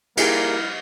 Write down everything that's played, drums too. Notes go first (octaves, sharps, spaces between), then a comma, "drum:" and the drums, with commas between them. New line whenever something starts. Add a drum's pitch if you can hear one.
G3 A#3 E4 F4 G4 G#4, drum: cymbal